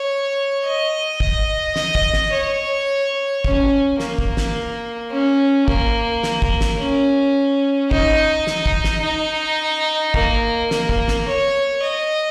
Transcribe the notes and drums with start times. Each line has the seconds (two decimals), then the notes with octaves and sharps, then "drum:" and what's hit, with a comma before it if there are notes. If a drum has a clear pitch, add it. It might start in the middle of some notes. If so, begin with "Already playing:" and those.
Already playing: C#5
0.65 D#5
1.20 drum: kick
1.76 D#5, drum: snare
1.95 drum: kick
2.13 drum: snare
2.33 C#5
3.44 C#4, drum: kick
4.00 A#3, drum: snare
4.18 drum: kick
4.37 drum: snare
5.11 C#4
5.68 A#3, drum: kick
6.23 drum: snare
6.42 drum: kick
6.61 drum: snare
6.79 C#4
7.91 D#4, drum: kick
8.47 drum: snare
8.66 drum: kick
8.84 drum: snare
9.02 D#4
10.14 A#3, drum: kick
10.71 A#3, drum: snare
10.89 drum: kick
11.08 drum: snare
11.27 C#5
11.82 D#5